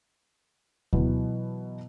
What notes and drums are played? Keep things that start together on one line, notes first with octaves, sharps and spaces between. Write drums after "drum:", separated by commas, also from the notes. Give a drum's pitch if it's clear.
B2 E3 F#3 B3, drum: kick D2